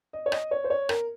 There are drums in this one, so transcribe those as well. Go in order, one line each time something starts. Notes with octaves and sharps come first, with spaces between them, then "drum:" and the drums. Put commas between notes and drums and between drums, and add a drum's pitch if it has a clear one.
D#5
C#5
D#5, drum: rim click
C#5
C5
C#5
A#4, drum: rim click